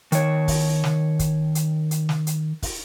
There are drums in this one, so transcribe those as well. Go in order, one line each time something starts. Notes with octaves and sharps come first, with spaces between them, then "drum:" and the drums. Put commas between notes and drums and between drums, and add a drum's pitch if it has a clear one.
D#3 C#5, drum: hi-hat
drum: kick, open hi-hat
drum: snare
drum: kick, hi-hat
drum: hi-hat
drum: hi-hat
drum: snare
drum: hi-hat
drum: kick, open hi-hat